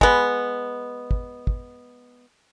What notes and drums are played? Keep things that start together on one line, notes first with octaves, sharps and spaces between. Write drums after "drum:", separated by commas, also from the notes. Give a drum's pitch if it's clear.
G#3 B3, drum: kick
drum: kick
drum: kick